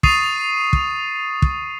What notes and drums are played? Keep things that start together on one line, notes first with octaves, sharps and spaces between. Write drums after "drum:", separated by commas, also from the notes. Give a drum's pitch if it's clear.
C#6 D#6 A6 C7 D#7 F7, drum: kick
drum: kick
drum: kick